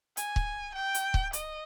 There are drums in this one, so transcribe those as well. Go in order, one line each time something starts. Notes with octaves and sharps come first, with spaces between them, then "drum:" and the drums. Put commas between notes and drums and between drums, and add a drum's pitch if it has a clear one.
G#5, drum: hi-hat
drum: kick C#1
G5
drum: hi-hat
drum: kick C#1
D#5, drum: hi-hat